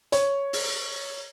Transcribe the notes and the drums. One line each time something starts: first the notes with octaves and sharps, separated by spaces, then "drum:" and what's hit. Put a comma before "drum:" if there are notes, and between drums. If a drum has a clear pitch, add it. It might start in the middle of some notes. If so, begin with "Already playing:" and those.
C#5, drum: hi-hat
drum: open hi-hat